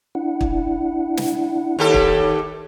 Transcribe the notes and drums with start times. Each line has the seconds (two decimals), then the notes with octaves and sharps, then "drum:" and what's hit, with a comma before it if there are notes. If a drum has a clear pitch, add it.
0.15 D4 E4 F#5
0.41 drum: kick
1.17 drum: snare
1.79 D#2 G4 A4
1.94 drum: kick